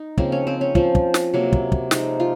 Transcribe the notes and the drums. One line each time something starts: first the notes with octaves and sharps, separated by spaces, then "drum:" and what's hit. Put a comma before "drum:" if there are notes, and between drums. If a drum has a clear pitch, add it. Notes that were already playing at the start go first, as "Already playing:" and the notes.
Already playing: D#4
C#3 F3 A#3 C4, drum: kick
C#4
C4
C#4
F3 C4, drum: kick
drum: kick
drum: snare
C3 F#3 A#3
drum: kick
drum: kick
F3 G#3 C4 D#4, drum: snare
F4